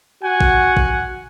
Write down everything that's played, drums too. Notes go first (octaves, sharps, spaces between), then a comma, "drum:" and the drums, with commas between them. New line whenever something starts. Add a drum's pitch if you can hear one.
F#4 F#5 G#5
drum: kick A1
drum: kick A1